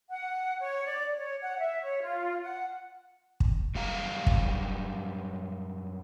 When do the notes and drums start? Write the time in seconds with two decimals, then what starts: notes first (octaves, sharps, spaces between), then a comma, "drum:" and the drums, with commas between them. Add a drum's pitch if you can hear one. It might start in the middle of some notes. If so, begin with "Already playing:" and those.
0.09 F#5
0.60 C#5
0.85 D5
1.16 C#5
1.41 F#5
1.58 E5
1.83 C#5
2.03 F4
2.42 F#5
3.40 drum: kick
3.75 F#2 G3 F5 A#5
4.27 drum: kick